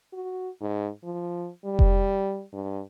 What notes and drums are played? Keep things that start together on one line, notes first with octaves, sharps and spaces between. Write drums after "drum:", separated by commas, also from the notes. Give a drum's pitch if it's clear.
F#4
G#2
F3
G3
drum: kick F1
G2